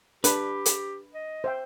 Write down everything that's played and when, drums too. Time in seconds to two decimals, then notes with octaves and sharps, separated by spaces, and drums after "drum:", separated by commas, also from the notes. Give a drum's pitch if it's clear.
0.24 D4 G4 B4 B5, drum: hi-hat
0.66 drum: hi-hat
1.14 D#5
1.44 C5 E5 G5